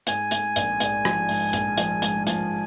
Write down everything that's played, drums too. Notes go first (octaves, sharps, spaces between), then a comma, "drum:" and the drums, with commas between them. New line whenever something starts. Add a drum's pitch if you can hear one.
G#2 G#5, drum: hi-hat
G#2, drum: hi-hat
A#1, drum: hi-hat
G#2, drum: hi-hat
F3, drum: rim click
G#2, drum: open hi-hat
A#1, drum: hi-hat
F3, drum: hi-hat
G#2, drum: hi-hat
F3 G#5, drum: hi-hat